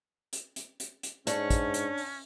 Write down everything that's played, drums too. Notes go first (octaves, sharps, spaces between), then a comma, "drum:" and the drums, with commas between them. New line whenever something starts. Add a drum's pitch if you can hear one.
drum: hi-hat
drum: hi-hat
drum: hi-hat
drum: hi-hat
G#2 C#4 D4 C#5, drum: hi-hat
drum: kick, hi-hat
drum: hi-hat
drum: open hi-hat